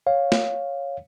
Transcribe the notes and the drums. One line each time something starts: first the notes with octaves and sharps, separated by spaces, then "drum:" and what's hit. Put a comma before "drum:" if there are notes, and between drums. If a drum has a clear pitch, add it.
C#5 F5
drum: snare